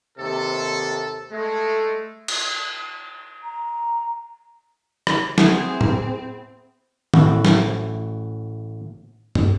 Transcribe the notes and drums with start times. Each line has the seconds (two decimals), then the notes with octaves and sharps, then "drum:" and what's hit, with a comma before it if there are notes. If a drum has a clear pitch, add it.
0.18 D#2 C3 A4
1.31 G#3 A3
2.28 drum: cymbal
3.43 A#5
5.07 drum: rim click
5.38 B3 C4 E4 G#4, drum: snare
5.81 drum: tom
7.14 A1 A2 E4 F#4, drum: tom D#3
7.45 drum: snare
9.35 drum: tom